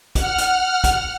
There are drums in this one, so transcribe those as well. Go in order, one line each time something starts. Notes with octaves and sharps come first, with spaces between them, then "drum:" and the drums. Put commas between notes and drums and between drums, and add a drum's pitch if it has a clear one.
F#5 F6, drum: kick, hi-hat
drum: hi-hat
drum: kick, hi-hat